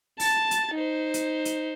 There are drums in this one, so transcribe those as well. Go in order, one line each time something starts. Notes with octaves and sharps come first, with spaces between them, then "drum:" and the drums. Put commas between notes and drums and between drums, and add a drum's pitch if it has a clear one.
A5 A6, drum: open hi-hat
drum: hi-hat
D#4 C5
drum: hi-hat
drum: hi-hat